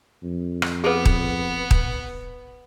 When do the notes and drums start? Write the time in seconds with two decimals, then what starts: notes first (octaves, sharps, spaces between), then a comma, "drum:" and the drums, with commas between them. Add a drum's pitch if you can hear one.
0.23 F2
0.62 drum: rim click
0.84 B3 G#4 A4 B4
1.05 drum: kick D#1
1.71 drum: kick D#1